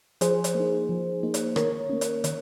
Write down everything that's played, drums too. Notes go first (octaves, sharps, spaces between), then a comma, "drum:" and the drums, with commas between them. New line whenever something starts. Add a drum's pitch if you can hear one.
F3 G#4 C5, drum: hi-hat
drum: hi-hat
A#3 D#4
F3
A#3 D#4
drum: hi-hat
D#3 A#4 C#5, drum: rim click
A#3 C#4
drum: hi-hat
D#3, drum: hi-hat